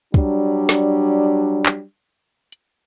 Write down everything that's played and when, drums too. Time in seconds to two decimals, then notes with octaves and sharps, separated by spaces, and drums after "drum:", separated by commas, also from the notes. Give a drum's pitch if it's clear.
0.14 F#3 G3 D4, drum: kick
0.69 drum: snare
1.66 drum: clap
2.52 drum: hi-hat